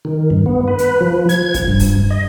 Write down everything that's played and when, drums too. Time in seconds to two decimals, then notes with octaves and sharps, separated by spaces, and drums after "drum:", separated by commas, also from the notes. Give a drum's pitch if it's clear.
0.05 D#3
0.30 G2
0.46 B3
0.67 B4
0.78 drum: hi-hat
1.01 F3
1.29 G#6, drum: hi-hat
1.54 drum: kick, hi-hat
1.68 G2
1.79 drum: open hi-hat
2.10 D#5